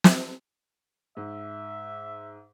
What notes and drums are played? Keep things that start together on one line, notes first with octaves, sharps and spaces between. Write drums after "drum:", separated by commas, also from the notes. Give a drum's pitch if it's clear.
drum: snare
G#2 E5